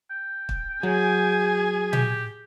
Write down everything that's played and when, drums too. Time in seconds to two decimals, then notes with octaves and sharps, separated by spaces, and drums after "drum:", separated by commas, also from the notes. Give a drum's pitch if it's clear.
0.11 G5
0.49 drum: kick
0.83 F#3 G#4 G#5
1.93 G4, drum: tom A#2